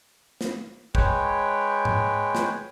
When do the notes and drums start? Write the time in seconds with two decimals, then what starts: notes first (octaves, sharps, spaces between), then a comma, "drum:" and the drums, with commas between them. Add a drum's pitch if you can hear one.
0.41 drum: snare
0.95 G#3 B4 C#5 G5, drum: kick
1.85 drum: tom G#2
2.35 drum: snare